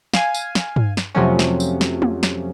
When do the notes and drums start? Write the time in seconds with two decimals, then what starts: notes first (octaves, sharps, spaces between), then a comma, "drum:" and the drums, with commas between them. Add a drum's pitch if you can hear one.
0.14 F5 G#5, drum: snare
0.34 drum: tambourine
0.55 drum: snare
0.76 drum: tom
0.97 drum: snare
1.15 F2 C3 F3 F#3 A3 C#4
1.39 drum: snare
1.60 drum: tambourine
1.81 drum: snare
2.02 drum: tom
2.23 drum: snare